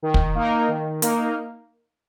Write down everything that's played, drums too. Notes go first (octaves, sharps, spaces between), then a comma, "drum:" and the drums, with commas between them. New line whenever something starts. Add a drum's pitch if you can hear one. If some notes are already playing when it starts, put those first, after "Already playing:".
D#3
drum: kick
A#3 D#4 A#4
D#3
A#3 D#4 A#4, drum: hi-hat